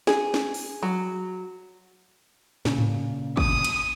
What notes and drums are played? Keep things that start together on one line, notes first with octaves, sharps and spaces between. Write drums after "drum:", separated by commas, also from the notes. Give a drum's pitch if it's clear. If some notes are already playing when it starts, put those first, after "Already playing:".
G#4, drum: snare
drum: snare
drum: open hi-hat
F#3
A#2 C#3, drum: snare
drum: tom G#2
D#6, drum: kick
drum: cymbal